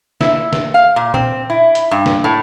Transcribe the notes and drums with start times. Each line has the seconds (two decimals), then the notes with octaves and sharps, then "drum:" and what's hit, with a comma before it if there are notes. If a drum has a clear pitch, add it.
0.21 E4, drum: snare
0.53 drum: snare
0.74 F5
0.96 A#2
1.14 C4, drum: tom A#2
1.50 E4
1.75 drum: hi-hat
1.91 G2
2.06 drum: snare
2.24 A2